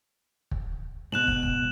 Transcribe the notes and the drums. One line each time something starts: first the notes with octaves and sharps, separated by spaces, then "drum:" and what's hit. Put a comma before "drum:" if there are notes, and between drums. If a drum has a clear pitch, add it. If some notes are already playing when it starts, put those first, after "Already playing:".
drum: kick
G#2 B2 F#6 E7 F#7
drum: kick
drum: kick